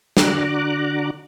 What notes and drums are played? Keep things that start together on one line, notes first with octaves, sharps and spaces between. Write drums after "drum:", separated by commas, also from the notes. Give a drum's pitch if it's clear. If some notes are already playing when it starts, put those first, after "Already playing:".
D3 D4 F#4 A#5 D6 F#6, drum: snare